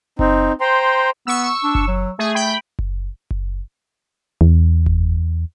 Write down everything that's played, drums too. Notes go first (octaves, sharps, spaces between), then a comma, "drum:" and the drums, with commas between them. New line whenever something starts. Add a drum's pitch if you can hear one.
C4 D#4, drum: kick F#1
C5 G5 A#5 C6
B3 C#6 E6
D4
drum: kick F#1
F#3
A3 G#4
G5 B5
drum: kick F#1
drum: kick F#1
E2
drum: kick F#1